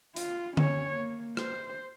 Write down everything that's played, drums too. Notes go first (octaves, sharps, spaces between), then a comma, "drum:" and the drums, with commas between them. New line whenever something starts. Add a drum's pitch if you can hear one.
F4, drum: hi-hat
C#4 C#5, drum: tom D3
A#3
C5, drum: rim click